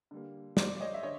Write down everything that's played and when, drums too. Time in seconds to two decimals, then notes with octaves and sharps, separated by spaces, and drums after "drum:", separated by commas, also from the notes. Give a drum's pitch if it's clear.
0.11 D3 G3 A#3
0.57 C5 D5, drum: snare
0.76 D5
0.80 C#5 D#5
0.94 E5
1.03 D3 C#5 D#5